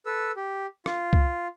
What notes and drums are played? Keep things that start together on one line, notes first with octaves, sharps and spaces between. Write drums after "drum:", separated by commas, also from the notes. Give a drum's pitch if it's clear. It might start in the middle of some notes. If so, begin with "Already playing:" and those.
A4 B4 E6
G4
F4, drum: rim click
drum: kick C2